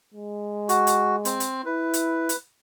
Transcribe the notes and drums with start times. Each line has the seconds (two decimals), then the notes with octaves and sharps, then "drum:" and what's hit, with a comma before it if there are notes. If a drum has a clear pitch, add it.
0.14 G#3
0.69 F#4, drum: hi-hat
0.87 drum: hi-hat
1.25 C4, drum: hi-hat
1.40 drum: hi-hat
1.66 E4 B4
1.94 drum: hi-hat
2.29 drum: hi-hat